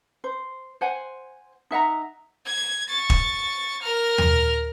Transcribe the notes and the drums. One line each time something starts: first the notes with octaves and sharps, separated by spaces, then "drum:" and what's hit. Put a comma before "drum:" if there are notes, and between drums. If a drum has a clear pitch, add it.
C5
C5 F#5 G#5
D#4 E5 F#5 A#5
G#6
C#6 A6
drum: kick
A#4 F6
drum: tom